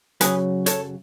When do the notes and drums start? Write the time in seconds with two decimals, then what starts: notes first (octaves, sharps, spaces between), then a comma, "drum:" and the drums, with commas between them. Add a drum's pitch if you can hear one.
0.21 F#2 C#3 F#3 G#4 B4, drum: hi-hat
0.66 A4 C#5, drum: hi-hat